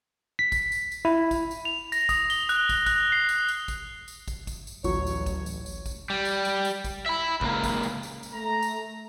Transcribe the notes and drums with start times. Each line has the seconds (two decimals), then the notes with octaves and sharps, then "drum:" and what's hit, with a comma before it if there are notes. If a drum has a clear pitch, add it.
0.39 B6
0.52 drum: kick, tambourine
0.72 drum: tambourine
0.92 drum: tambourine
1.05 E4
1.31 drum: kick, tambourine
1.51 drum: tambourine
1.65 F7
1.92 A#6, drum: tambourine
2.09 D#6, drum: kick, tambourine
2.30 G7, drum: tambourine
2.49 F#6, drum: tambourine
2.69 drum: kick, tambourine
2.86 F#6, drum: kick, tambourine
3.12 C7
3.29 drum: tambourine
3.48 drum: tambourine
3.68 drum: kick, tambourine
4.08 drum: tambourine
4.28 drum: kick, tambourine
4.47 drum: kick, tambourine
4.67 drum: tambourine
4.84 A1 D2 F#3 C#5 C#6, drum: tambourine
5.07 drum: tambourine
5.26 drum: kick, tambourine
5.46 drum: tambourine
5.66 drum: tambourine
5.86 drum: kick, tambourine
6.10 G3
6.25 drum: tambourine
6.45 drum: tambourine
6.65 drum: tambourine
6.84 drum: kick, tambourine
7.06 E5 B5
7.41 C#2 A#3, drum: kick
7.64 drum: kick, tambourine
7.83 drum: tambourine
8.03 drum: tambourine
8.23 drum: tambourine
8.34 A3 A#5
8.62 drum: tambourine